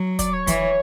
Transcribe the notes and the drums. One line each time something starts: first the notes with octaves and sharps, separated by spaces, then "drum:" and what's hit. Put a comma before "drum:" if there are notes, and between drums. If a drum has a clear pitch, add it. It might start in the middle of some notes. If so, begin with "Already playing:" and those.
Already playing: F#3
D5, drum: kick, hi-hat
C#5
E3, drum: kick, hi-hat